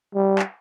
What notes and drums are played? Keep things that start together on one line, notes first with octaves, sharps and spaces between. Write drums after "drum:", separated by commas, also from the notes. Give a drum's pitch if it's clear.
G3
drum: clap